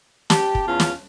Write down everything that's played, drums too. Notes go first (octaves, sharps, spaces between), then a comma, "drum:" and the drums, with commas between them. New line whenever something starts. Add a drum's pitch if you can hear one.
G4 A5, drum: snare
drum: kick
E2 C#4 F4
drum: snare